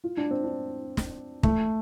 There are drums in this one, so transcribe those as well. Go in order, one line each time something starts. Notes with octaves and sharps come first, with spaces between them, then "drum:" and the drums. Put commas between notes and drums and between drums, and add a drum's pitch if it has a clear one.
F4
D4
C4
D4
drum: snare
A3, drum: kick